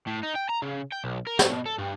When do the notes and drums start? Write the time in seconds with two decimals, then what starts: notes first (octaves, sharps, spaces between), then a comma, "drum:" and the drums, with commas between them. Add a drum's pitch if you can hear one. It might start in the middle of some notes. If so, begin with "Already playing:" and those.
0.07 A2
0.23 D#4
0.35 G5
0.49 A#5
0.62 C#3
0.92 G5
1.04 B1
1.27 A#4
1.39 A3, drum: snare
1.50 B2
1.66 A4
1.78 G2